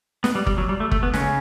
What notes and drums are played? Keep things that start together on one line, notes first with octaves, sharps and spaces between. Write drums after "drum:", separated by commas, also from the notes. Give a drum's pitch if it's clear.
B3, drum: snare
G3
G3, drum: kick
F#3
G3
A3
A3, drum: kick
B3
C#3 C#4, drum: snare